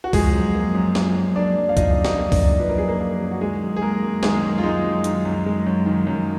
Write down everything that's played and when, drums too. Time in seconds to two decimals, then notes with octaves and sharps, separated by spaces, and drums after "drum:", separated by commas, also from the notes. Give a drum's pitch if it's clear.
0.04 F#4
0.13 F3 G#3 G#4, drum: kick C#2, open hi-hat
0.34 F#2
0.54 A#3
0.75 F#2
0.95 F3, drum: snare
1.16 F#2
1.36 A#3 D4 D5
1.57 F#2
1.69 F5
1.77 F3 D#4 D#5, drum: kick C#2, hi-hat
1.98 F#2
2.05 D#4 D#5, drum: snare
2.18 A#3
2.32 D4 D5, drum: kick C#2, open hi-hat
2.39 F#2
2.59 F3 B4
2.69 A#4
2.78 F#2 G#4
2.88 A#3 A#4
3.00 A#3
3.20 F#2
3.31 F#4
3.41 D#3 G#3 G#4
3.62 F#2
3.76 G#4
3.81 G#3 A#3 A#4
4.03 F#2
4.23 D#3 G#3 G#4, drum: snare
4.43 F#2
4.58 F4
4.63 G#3 D#4
4.84 F#2
5.04 D#3, drum: hi-hat
5.25 F#2
5.46 G#3
5.67 F#2
5.86 D#3
6.07 F#2